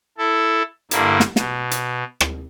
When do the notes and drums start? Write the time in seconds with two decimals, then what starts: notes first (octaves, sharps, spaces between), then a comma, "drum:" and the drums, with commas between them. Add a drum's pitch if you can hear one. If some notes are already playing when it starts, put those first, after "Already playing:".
0.18 E4 A4
0.91 G2 D3 A#3 E4, drum: hi-hat
1.20 drum: snare
1.36 B2, drum: snare
1.71 drum: hi-hat
2.21 drum: rim click